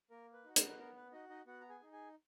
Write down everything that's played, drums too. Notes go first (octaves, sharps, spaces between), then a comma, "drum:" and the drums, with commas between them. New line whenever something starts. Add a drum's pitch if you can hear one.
A#3 A#4
B4
D#4 F#4
A#4, drum: hi-hat
B4
B3 A#4
B4
D#4 F#4 D#5
D#4 D#5
B3 F#4 F#5
A#5
G#4 G#5
D#4 G#4
G#4 G#5